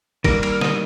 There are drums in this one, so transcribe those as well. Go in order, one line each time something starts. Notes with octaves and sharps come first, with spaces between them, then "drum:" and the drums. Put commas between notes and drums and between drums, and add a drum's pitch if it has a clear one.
D#3 G3 A#3 A#4, drum: kick, cymbal
A#4, drum: cymbal
D#5, drum: snare